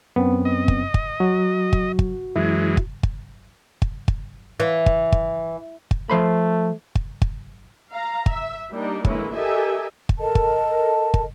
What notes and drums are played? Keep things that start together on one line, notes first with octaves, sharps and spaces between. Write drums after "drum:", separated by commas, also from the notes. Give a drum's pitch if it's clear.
F#2 B3 C4
D#5
drum: kick
drum: kick
F#3 F#4
drum: kick
drum: kick
F#2 E3 G#3 E4
drum: kick
drum: kick
drum: kick
drum: kick
E3
drum: kick
drum: kick
drum: kick
F3 A3 C5 B5
drum: kick
drum: kick
F5 A#5
E5, drum: kick
G3 A#3 D4 D#4
D3 E3 G#3 A#3 C#4 E4, drum: kick
G4 A4 A#4 D#5 E5 G#5
drum: kick
A4 A#4 D#5 A5
drum: kick
drum: kick